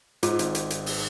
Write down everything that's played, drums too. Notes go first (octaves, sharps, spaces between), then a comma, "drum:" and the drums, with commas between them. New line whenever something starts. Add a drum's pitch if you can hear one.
G#2 F4, drum: hi-hat
G#1, drum: hi-hat
drum: hi-hat
drum: hi-hat
drum: open hi-hat